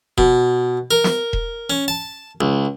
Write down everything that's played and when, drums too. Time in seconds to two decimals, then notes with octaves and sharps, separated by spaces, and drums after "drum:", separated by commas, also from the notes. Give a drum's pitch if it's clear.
0.18 B2, drum: kick E1
0.91 A#4
1.04 drum: snare
1.33 drum: kick E1
1.70 C#4
1.88 A5
2.41 C#2